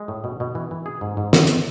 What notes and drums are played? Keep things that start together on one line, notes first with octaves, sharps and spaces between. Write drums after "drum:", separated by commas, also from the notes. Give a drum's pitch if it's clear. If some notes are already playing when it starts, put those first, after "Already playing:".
Already playing: G#3
A2
B2
B2
E3
E3
G#4
G#2
G#2
D#3, drum: snare
drum: hi-hat